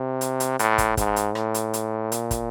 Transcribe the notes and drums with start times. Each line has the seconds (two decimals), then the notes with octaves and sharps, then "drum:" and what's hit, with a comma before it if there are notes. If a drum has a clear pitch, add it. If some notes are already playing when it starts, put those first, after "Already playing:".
Already playing: C3
0.21 drum: hi-hat
0.40 drum: hi-hat
0.59 A2, drum: hi-hat
0.78 drum: kick, hi-hat
0.97 G#2, drum: kick, hi-hat
1.16 drum: hi-hat
1.35 A2, drum: rim click
1.54 drum: hi-hat
1.74 drum: hi-hat
2.12 A#2, drum: hi-hat
2.31 drum: kick, hi-hat